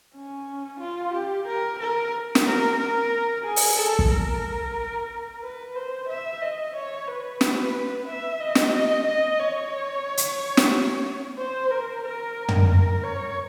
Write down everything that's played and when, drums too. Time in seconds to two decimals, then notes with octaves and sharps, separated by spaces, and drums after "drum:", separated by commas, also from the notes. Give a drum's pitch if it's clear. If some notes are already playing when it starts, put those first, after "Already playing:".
0.14 C#4
0.80 F4
1.13 G4
1.47 A#4
1.79 A#4
2.35 drum: snare
2.45 A#4
2.78 A#4
3.45 G#4
3.56 drum: open hi-hat
3.77 A4
3.99 drum: kick
4.11 A#4
5.43 B4
5.75 C5
6.09 E5
6.42 D#5
6.75 C#5
7.08 B4
7.41 B4, drum: snare
8.08 E5
8.40 D#5
8.55 drum: snare
8.73 D#5
9.06 D#5
9.39 C#5
10.17 drum: hi-hat
10.57 drum: snare
11.38 C5
11.70 A#4
12.04 A#4
12.48 drum: tom
12.71 A#4
13.03 C#5